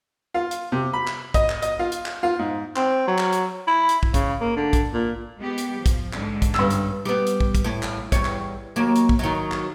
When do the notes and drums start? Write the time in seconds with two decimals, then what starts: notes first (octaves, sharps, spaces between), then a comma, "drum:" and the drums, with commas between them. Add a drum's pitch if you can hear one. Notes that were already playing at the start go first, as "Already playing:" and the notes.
0.34 F4
0.51 drum: hi-hat
0.72 C3
0.93 B5
1.07 drum: clap
1.34 D#5, drum: kick, hi-hat
1.49 drum: clap
1.62 D#5, drum: hi-hat
1.79 F4
1.92 drum: hi-hat
2.06 drum: clap
2.23 F4
2.39 G#2
2.76 C4, drum: clap
3.07 F#3
3.18 drum: clap
3.32 drum: hi-hat
3.67 E4
3.89 drum: hi-hat
4.03 drum: kick
4.14 C#3, drum: kick, hi-hat
4.41 A#3
4.56 D3
4.73 drum: kick, hi-hat
4.93 A#2
5.37 G#3 B3 G4
5.58 drum: hi-hat
5.77 F3
5.86 drum: kick, hi-hat
6.13 G#2 D3 G#3, drum: clap
6.42 drum: kick, hi-hat
6.55 G2 C#4 E6, drum: clap
6.70 drum: hi-hat
7.05 G3 B3
7.26 drum: hi-hat
7.40 drum: kick
7.55 drum: kick, hi-hat
7.64 A2
7.83 drum: clap
8.12 E2 G3 C#5, drum: kick, hi-hat
8.25 drum: clap
8.76 D#2 F#3 A#3
8.95 drum: hi-hat
9.09 drum: kick
9.19 D#3 F#3
9.52 drum: clap